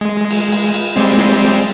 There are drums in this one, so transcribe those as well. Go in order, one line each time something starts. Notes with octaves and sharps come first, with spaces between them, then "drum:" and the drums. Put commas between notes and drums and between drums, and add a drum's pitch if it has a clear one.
G#3
drum: cymbal
drum: cymbal
drum: cymbal
G3 G#3 C4
drum: snare
drum: cymbal